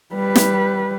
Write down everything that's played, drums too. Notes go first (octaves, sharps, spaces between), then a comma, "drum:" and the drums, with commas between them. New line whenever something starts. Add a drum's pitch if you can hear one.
G3 B4
drum: snare